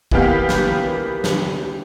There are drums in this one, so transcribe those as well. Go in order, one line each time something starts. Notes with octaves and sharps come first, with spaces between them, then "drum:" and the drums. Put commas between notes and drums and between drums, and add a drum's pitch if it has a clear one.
E3 A#3 B3 G4 F5 G6, drum: kick
drum: snare
drum: snare